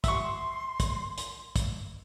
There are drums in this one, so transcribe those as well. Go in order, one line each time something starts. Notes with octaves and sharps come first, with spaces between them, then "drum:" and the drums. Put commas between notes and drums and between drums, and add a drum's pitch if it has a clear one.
E5 C6 C#6, drum: kick, hi-hat
drum: kick, hi-hat
drum: hi-hat
drum: kick, hi-hat